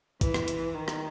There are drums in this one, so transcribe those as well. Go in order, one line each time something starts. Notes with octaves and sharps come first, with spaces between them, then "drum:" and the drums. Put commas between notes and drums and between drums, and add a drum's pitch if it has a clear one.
E3, drum: kick, hi-hat
drum: rim click
drum: hi-hat
D#3
drum: rim click